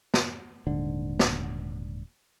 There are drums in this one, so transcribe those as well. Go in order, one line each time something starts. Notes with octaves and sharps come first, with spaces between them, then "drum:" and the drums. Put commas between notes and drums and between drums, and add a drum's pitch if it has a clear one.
drum: snare
D#1 G#2 D3
drum: snare